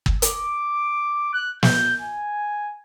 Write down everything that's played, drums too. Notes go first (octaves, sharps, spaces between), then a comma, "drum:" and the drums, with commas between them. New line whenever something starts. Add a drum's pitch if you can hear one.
drum: kick
D6, drum: hi-hat
F#6
G6, drum: snare
G#5